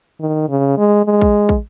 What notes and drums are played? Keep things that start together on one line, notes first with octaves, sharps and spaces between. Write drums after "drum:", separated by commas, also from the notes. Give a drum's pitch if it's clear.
D#3
C#3
G#3
G#3
drum: kick
drum: kick